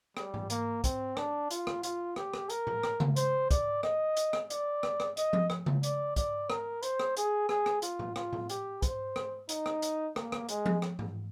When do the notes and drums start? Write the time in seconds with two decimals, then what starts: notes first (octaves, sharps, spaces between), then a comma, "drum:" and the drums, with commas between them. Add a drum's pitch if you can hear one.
0.17 G3, drum: rim click
0.34 drum: tom G#2
0.50 A#3, drum: hi-hat
0.84 C4, drum: kick, hi-hat
1.17 D4, drum: rim click
1.51 F4, drum: hi-hat
1.67 drum: rim click
1.83 F4, drum: hi-hat
2.16 G4, drum: rim click
2.34 drum: rim click
2.50 A#4, drum: hi-hat
2.67 drum: tom A2
2.83 drum: rim click
3.00 drum: tom C#3
3.16 C5, drum: hi-hat
3.51 D5, drum: kick, hi-hat
3.83 D#5, drum: rim click
4.17 drum: hi-hat
4.33 drum: rim click
4.50 D5, drum: hi-hat
4.83 drum: rim click
5.00 drum: rim click
5.17 D#5, drum: hi-hat
5.33 drum: tom F3
5.50 drum: rim click
5.66 drum: tom C#3
5.83 D5, drum: hi-hat
6.16 D5, drum: kick, hi-hat
6.50 A#4, drum: rim click
6.83 C5, drum: hi-hat
6.99 drum: rim click
7.17 G#4, drum: hi-hat
7.49 G#4, drum: rim click
7.66 drum: rim click
7.82 F4, drum: hi-hat
7.99 drum: tom A2
8.16 F4, drum: rim click
8.33 drum: tom A2
8.49 G4, drum: hi-hat
8.82 C5, drum: kick, hi-hat
9.16 drum: rim click
9.49 D#4, drum: hi-hat
9.66 drum: rim click
9.82 drum: hi-hat
10.16 A#3, drum: rim click
10.32 drum: rim click
10.49 G#3, drum: hi-hat
10.66 drum: tom F3
10.82 drum: rim click
10.99 drum: tom G#2